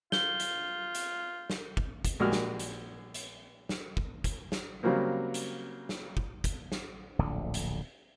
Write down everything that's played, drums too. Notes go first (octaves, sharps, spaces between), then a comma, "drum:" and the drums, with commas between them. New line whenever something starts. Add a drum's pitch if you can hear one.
F4 G6 G7, drum: snare
drum: hi-hat
drum: hi-hat
drum: snare
drum: kick
drum: kick, hi-hat
A#1 G#3 A#3 F#4 G4 F6
drum: snare
drum: hi-hat
drum: hi-hat
drum: snare
drum: kick
drum: kick, hi-hat
drum: snare
C#3 F#3 G3 A#3 C4
drum: hi-hat
drum: snare
drum: kick
drum: kick, hi-hat
drum: snare
D1 A#1 D3
drum: hi-hat